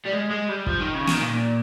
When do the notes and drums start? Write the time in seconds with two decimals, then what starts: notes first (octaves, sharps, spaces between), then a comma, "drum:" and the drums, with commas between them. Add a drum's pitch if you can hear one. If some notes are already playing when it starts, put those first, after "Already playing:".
0.05 G3
0.12 G#3
0.30 G#3
0.48 G3
0.66 F3, drum: kick
0.81 D#3
0.95 C#3
1.07 D#3, drum: snare
1.21 A#2